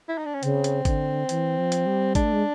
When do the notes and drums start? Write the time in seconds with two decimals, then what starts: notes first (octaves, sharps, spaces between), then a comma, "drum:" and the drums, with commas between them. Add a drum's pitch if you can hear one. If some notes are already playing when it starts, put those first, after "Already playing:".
0.09 E4
0.18 D#4
0.25 D4
0.34 C#4
0.43 C#3 C4, drum: hi-hat
0.64 drum: hi-hat
0.85 D3, drum: kick G#1, hi-hat
1.29 E3, drum: hi-hat
1.58 F3
1.72 drum: hi-hat
1.86 G3
2.15 G#3 D4, drum: kick G#1, hi-hat
2.24 A3
2.33 G#3